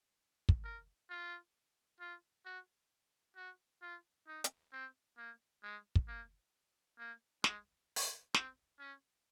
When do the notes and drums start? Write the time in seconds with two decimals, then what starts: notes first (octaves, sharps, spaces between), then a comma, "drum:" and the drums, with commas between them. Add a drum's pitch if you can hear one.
0.49 drum: kick
0.65 A#4
1.10 F4
2.00 F4
2.45 F#4
3.36 F#4
3.82 F4
4.27 D#4
4.44 drum: hi-hat
4.72 C4
5.17 A#3
5.63 G#3
5.95 drum: kick
6.08 A#3
6.99 A#3
7.44 G#3, drum: snare
7.96 drum: open hi-hat
8.34 C4, drum: snare
8.79 C#4